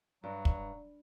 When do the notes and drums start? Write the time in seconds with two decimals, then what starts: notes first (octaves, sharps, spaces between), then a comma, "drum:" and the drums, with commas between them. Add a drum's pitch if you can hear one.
0.24 G2 F#3
0.45 drum: kick